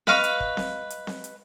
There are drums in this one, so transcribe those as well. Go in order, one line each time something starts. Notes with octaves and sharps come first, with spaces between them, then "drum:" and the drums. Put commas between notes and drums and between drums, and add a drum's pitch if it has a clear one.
B4 D#5 F5 C#6, drum: snare C4
drum: hi-hat
drum: kick
drum: snare C4
drum: hi-hat
drum: snare C4
drum: hi-hat